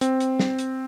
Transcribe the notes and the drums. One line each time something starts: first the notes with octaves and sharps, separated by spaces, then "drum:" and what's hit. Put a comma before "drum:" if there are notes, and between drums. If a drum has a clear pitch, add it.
C4, drum: hi-hat
drum: hi-hat
drum: snare
drum: hi-hat